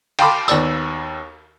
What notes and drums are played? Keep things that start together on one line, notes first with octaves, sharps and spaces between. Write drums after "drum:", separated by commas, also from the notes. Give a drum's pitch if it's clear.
F5 G5 A5 B5 C6 D6, drum: cymbal
D#2 B3 D5 E6, drum: tambourine